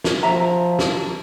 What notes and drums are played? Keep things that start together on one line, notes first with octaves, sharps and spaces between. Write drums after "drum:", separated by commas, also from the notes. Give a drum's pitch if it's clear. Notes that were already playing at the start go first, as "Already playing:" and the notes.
drum: snare
F3 E5 A#5
drum: snare